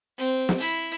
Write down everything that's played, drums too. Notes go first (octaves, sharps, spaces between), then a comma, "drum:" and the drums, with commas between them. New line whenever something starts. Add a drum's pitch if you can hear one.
C4
drum: snare
E4